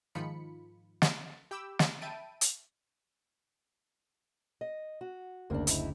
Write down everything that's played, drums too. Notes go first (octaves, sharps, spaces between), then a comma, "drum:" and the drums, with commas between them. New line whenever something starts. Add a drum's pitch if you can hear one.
G#2 D#3 F3 F4 B5 C#7
drum: snare
G4 G5 B5 D6 E6
drum: snare
E5 G5 A5 B5 D7 D#7
drum: hi-hat
D#5
F#4
F#1 D2 A#3 D4
D#4 E4, drum: hi-hat